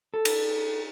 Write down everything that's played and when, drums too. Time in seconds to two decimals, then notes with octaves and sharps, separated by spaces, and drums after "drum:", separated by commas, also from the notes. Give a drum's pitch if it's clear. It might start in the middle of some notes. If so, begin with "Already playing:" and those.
0.14 A4
0.25 drum: cymbal